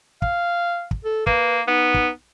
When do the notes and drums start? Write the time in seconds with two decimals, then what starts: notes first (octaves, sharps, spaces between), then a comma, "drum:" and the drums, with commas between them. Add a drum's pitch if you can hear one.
0.22 F5, drum: kick
0.91 drum: kick
1.05 A4
1.27 A#3 B4, drum: kick
1.68 B3 D#4
1.94 drum: kick